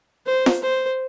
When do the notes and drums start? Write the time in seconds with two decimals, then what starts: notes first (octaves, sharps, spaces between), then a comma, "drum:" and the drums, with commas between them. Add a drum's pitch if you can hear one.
0.26 C5
0.46 drum: snare F4
0.63 C5